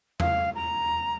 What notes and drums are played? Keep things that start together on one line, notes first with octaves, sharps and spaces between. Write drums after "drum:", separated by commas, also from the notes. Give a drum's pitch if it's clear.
F5, drum: tom E2
A#5